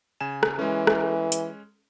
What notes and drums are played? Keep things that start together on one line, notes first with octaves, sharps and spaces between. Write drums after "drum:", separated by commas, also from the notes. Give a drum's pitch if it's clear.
C#3 G#5 E7
drum: rim click
E3 G#3 C#4
drum: rim click
drum: hi-hat